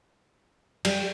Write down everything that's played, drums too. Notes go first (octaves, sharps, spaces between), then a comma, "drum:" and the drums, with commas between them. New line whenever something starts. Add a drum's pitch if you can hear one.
G3, drum: cymbal